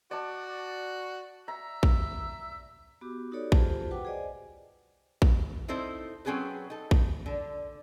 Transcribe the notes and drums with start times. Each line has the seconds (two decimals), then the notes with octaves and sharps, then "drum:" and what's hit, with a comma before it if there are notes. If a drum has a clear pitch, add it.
0.11 F#4 D5 A5
1.48 E5 A#5
1.83 drum: kick A#1
3.01 B3 F#4 G4 D6
3.32 D#4 F#4 G4 A4 C#5 D5
3.52 F4 G4 G#4 C5 A5, drum: kick A#1
3.91 F#4 B4 F#5 G5 D6
4.05 G#4 C5 D5 D#5 G#5
5.22 drum: kick A#1
5.68 C4 D#4 E4 A4 C5
6.25 F#3 C4 C#4 G#4 A4 B4
6.70 D#4 A4
6.91 drum: kick A#1
7.26 D3